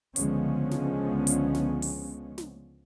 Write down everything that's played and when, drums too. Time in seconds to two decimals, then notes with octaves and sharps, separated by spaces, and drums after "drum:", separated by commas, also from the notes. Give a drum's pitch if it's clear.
0.16 C#2 D3 F3 G#3 B3 C#4, drum: hi-hat
0.71 drum: snare
1.27 drum: hi-hat
1.55 drum: snare
1.82 drum: open hi-hat
2.38 drum: snare